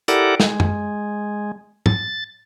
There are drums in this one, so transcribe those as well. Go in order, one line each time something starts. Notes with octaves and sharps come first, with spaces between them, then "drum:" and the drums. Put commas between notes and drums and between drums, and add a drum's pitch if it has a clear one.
E4 G4 A4 A#4 D5 F#5, drum: hi-hat
G#3, drum: snare
drum: tom
A6, drum: tom